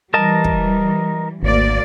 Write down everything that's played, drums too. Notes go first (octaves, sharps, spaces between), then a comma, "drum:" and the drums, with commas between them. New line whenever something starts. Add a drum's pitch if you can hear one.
E3 G3 A#4 D#5 A5
drum: kick
G#1 D2 A#3 D5